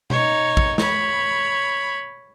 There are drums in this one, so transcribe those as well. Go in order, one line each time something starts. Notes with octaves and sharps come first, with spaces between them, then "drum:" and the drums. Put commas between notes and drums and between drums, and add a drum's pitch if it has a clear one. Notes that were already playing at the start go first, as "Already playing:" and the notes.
D#4 C#5, drum: tom B2
drum: kick
C#5 B5, drum: snare